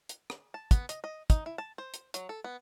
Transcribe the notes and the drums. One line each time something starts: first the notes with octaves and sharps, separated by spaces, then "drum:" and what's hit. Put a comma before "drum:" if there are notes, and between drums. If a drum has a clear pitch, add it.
drum: hi-hat
drum: rim click
A5
B3, drum: kick, hi-hat
D#5, drum: hi-hat
D#5
D#4, drum: kick, hi-hat
E4
A5
C5
drum: hi-hat
F#3, drum: hi-hat
A4
B3